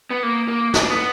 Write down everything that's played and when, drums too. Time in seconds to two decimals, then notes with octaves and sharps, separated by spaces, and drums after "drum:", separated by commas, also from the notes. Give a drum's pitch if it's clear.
0.11 B3
0.23 A#3
0.48 A#3
0.74 B3, drum: snare
0.82 D4
0.90 B3